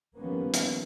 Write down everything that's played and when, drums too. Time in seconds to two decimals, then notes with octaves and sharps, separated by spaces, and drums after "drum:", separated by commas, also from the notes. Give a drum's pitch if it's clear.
0.18 D#3 F3 G3 A#3 B3 C#4
0.54 drum: hi-hat